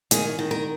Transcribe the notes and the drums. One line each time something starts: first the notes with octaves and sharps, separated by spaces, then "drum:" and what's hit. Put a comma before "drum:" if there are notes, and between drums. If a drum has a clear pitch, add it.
D#3 G#4, drum: hi-hat
D#3
A#4